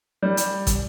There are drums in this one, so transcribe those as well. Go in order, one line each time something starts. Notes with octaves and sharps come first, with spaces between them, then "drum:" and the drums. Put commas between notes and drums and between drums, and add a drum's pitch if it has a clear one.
G3
drum: hi-hat
drum: kick, hi-hat